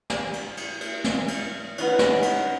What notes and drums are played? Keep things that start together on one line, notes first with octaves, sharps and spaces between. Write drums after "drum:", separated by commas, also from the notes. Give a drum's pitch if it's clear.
drum: snare
drum: cymbal
drum: cymbal
drum: cymbal
drum: snare
drum: cymbal
C#4 D#4 B4 F#5, drum: cymbal
B5 A#6, drum: snare
drum: cymbal